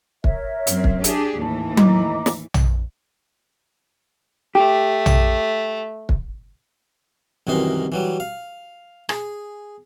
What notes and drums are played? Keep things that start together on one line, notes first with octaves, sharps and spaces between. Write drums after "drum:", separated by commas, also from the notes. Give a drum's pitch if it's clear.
A#4 C#5 E5, drum: kick
F#2 C4, drum: hi-hat
drum: kick
D4 G4 G#4, drum: hi-hat
D#2 A2 E3 A5
D#5 A#5 D6, drum: tom F#3
drum: snare
drum: tom
A3 G4
drum: tom
drum: kick
C2 F#2 D#3 E3 D#4 C6
E3 F#3 G3
F5
G#4, drum: rim click